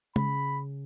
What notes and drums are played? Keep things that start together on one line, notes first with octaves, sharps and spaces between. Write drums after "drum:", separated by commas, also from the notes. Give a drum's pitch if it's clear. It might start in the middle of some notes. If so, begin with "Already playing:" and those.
C#3 B5, drum: tom